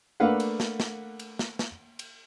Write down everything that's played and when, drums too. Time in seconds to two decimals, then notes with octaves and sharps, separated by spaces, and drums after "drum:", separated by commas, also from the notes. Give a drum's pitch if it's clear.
0.20 A3 A#3 D4 B4 F5 F#5
0.40 drum: cymbal
0.60 drum: snare
0.80 drum: snare
1.19 drum: cymbal
1.39 drum: snare
1.59 drum: snare
1.99 drum: cymbal